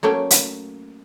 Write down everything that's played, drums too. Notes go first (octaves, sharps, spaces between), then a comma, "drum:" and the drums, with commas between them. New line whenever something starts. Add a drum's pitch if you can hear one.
F#3 A3 A#3 C#4 G5
drum: hi-hat